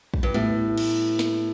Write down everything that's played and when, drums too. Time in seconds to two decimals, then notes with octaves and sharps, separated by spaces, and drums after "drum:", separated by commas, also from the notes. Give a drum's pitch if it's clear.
0.14 drum: kick
0.23 G2
0.34 A2 G3 B3 E4 G4 B4
0.78 drum: cymbal
1.19 drum: snare